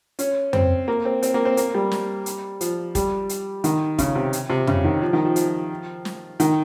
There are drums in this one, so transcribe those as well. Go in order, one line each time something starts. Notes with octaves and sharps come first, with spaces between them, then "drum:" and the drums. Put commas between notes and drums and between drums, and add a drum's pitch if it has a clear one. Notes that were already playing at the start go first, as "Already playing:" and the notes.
C#4, drum: hi-hat
C4, drum: tom F2
A#3
C4
C4, drum: hi-hat
A#3
C4
A#3, drum: hi-hat
G3
drum: snare
drum: hi-hat
F3, drum: hi-hat
G3, drum: kick, hi-hat
drum: hi-hat
D#3, drum: hi-hat
C#3, drum: kick, hi-hat
C3
drum: hi-hat
C3
C#3, drum: tom F2
D#3
F3
D#3
F3
F3, drum: hi-hat
drum: snare
D#3, drum: hi-hat